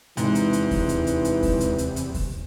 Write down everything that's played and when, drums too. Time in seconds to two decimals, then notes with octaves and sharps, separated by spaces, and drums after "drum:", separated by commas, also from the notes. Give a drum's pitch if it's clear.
0.17 E2 G#2 C3 E3, drum: hi-hat
0.35 drum: hi-hat
0.53 drum: hi-hat
0.71 drum: kick D#2, open hi-hat
0.89 drum: hi-hat
1.07 drum: hi-hat
1.25 drum: hi-hat
1.43 drum: kick D#2, open hi-hat
1.60 drum: hi-hat
1.78 drum: hi-hat
1.96 drum: hi-hat
2.14 drum: kick D#2, open hi-hat